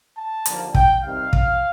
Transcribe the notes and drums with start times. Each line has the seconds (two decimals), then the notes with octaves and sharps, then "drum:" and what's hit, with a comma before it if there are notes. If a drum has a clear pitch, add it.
0.16 A5
0.46 D#2 D3 F3 A#3, drum: hi-hat
0.74 G5, drum: kick
1.03 C3 D#3 G3 F5
1.33 drum: kick